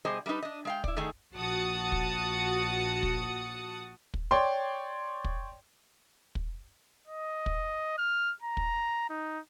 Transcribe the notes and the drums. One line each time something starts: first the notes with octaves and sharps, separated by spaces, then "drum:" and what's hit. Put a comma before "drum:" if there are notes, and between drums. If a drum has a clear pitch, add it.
B2 G3 G#4 C5 D#5
G3 A3 D4 D#4 B4
D4 D#5
G#3 F5 G5
E4 D5, drum: kick
D#3 A3 D#4 G#4
A#1 F#4 F#5 A5 D#6 C#7
drum: kick
drum: kick
drum: kick
C#5 D5 G5 C6
drum: kick
drum: kick
D#5
drum: kick
F6
A#5
drum: kick
D#4